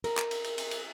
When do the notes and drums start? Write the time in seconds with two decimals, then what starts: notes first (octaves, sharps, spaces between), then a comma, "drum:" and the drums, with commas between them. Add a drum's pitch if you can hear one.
0.04 A#4, drum: cymbal
0.18 drum: clap
0.31 drum: cymbal
0.44 drum: cymbal
0.58 drum: cymbal
0.71 drum: cymbal